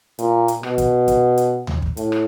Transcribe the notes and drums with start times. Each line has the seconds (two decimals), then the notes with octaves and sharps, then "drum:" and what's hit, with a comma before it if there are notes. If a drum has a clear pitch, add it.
0.19 A#2, drum: hi-hat
0.48 drum: hi-hat
0.63 B2, drum: rim click
0.78 drum: kick, hi-hat
1.08 drum: kick, hi-hat
1.38 drum: hi-hat
1.67 drum: tom D#2
1.82 drum: kick
1.97 A2, drum: hi-hat
2.12 drum: rim click